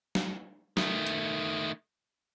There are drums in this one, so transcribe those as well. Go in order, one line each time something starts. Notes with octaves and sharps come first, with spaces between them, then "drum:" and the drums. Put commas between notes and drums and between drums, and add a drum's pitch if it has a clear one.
drum: snare G3
D#3 A3, drum: snare G3
drum: hi-hat